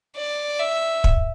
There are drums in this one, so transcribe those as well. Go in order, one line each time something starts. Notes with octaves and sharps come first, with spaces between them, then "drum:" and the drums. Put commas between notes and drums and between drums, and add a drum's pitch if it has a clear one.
D5
E5
drum: kick